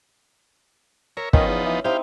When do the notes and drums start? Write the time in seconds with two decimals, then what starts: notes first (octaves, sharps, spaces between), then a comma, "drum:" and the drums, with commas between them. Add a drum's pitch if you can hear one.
1.17 A#4 C#5 E5
1.33 D#3 F3 B3 C#4 D#4, drum: kick
1.47 E2
1.65 E3
1.84 C4 D#4 E4 G4 F5